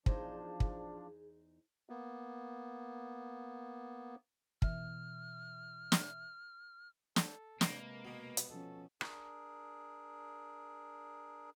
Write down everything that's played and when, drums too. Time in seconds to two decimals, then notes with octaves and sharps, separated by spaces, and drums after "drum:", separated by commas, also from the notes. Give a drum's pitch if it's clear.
0.06 E2 F3 D4 D#4 G#4 C5, drum: kick
0.60 drum: kick
1.89 A#3 B3
4.62 B2 E3 E5 F6, drum: kick
5.92 drum: snare
7.16 A4, drum: snare
7.61 C3 G#3 A#3 B4, drum: snare
8.05 B2 B3
8.37 drum: hi-hat
8.50 F3 C#4 A4
9.01 D4 G#4 A#4, drum: rim click